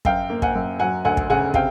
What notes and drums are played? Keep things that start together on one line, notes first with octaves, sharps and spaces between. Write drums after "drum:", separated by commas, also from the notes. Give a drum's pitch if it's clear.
F#2 F5 G5, drum: kick
A#3
F#5 G#5, drum: kick
F#2
F#3 F#5 G#5
D2 F#5 G#5
drum: kick
C#3 F#5 G#5
C3 F5 G5, drum: kick